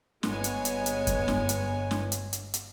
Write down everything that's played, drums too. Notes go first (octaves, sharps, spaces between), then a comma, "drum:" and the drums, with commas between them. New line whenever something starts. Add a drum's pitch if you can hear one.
G1 G#3 B3 C#5 G#5, drum: snare
drum: hi-hat
drum: hi-hat
drum: hi-hat
drum: kick F#2, hi-hat
drum: snare
drum: hi-hat
drum: snare
drum: hi-hat
drum: hi-hat
drum: hi-hat